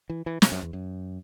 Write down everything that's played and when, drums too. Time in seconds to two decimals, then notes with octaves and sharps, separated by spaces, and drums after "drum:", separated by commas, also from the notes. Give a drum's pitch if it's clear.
0.10 E3
0.26 E3
0.42 B2, drum: snare
0.52 F#2
0.62 E2
0.73 F#2